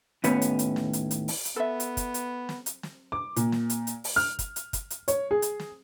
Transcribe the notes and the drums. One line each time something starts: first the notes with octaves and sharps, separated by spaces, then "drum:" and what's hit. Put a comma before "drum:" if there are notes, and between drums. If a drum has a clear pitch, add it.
D#2 A2 B3 C#4, drum: hi-hat
drum: hi-hat
drum: hi-hat
drum: snare
drum: hi-hat
drum: hi-hat
drum: open hi-hat
drum: hi-hat
B3 A4 E5
drum: hi-hat
drum: kick, hi-hat
drum: hi-hat
drum: snare
drum: hi-hat
drum: snare
D6
A#2, drum: hi-hat
drum: snare
drum: hi-hat
drum: hi-hat
drum: open hi-hat
F6
drum: kick, hi-hat
drum: hi-hat
drum: kick, hi-hat
drum: hi-hat
C#5, drum: hi-hat
G#4
drum: hi-hat
drum: snare